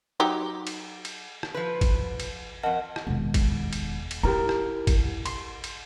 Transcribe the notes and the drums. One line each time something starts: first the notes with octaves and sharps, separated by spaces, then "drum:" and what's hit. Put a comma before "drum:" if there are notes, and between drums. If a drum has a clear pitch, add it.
F#3 D#4 G4
drum: cymbal
drum: cymbal
drum: rim click
F3 B4
drum: kick G#1, cymbal
drum: cymbal
F2 A#4 D#5 F#5 A5
drum: rim click
E1 D#3
drum: kick G#1, cymbal
drum: cymbal
drum: cymbal
E4 G4 A#4 A#5
drum: rim click
drum: kick G#1, cymbal
C6, drum: cymbal
drum: cymbal